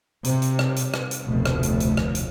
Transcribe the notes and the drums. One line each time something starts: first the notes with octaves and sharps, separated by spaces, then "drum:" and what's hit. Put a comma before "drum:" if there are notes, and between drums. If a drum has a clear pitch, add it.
C3, drum: hi-hat
drum: hi-hat
drum: rim click
drum: hi-hat
drum: rim click
drum: hi-hat
F1 D2 B2 A3
drum: rim click
drum: hi-hat
drum: hi-hat
drum: rim click
drum: hi-hat